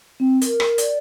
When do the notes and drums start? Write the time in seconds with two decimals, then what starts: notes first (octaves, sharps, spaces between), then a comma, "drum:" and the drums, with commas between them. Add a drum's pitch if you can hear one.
0.20 C4
0.41 A#4, drum: hi-hat
0.60 drum: rim click
0.78 D5, drum: hi-hat